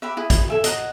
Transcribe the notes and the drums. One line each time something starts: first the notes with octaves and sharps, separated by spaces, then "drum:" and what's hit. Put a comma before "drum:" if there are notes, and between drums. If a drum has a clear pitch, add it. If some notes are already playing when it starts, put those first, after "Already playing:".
G4 B4 E5
E4 G#4
drum: kick, hi-hat
A4 E5 G#5
D#5 F#5 A#5, drum: hi-hat